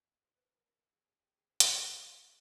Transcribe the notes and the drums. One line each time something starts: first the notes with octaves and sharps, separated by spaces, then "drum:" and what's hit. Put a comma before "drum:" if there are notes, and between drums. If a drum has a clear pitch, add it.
D#5
C5
B4
A#4
A#4
A4
G#4
G#4
G4
G#4
C5
C5, drum: hi-hat
B4